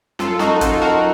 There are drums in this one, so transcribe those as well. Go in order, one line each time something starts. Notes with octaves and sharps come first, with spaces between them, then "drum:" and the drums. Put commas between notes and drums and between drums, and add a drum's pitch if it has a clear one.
F#2 F4 A4, drum: snare
F#2 D#4 F#4, drum: snare
F#2 F4 A4, drum: kick, hi-hat
F#2 F#4 A#4